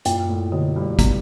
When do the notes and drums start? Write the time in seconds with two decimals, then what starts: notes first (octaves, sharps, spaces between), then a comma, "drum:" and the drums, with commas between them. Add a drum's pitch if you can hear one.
0.05 F#2 A#2, drum: hi-hat
0.29 A2
0.52 B2 D3
0.76 G2
0.99 B3, drum: kick, hi-hat